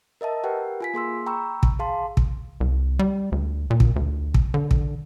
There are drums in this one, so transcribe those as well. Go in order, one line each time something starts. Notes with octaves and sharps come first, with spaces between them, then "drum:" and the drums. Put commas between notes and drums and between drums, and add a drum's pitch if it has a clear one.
A#4 D#5 E5 A5
G4 A#4 B4 F#5 G5
F4 G#5 B6
A#3 G#4 C6 E6
G5 A#5 B5 C#6 E6
drum: kick
G#4 F5 A5 C6
drum: kick
C2
G3
D2
A#2
drum: kick
D2
drum: kick
D3
drum: kick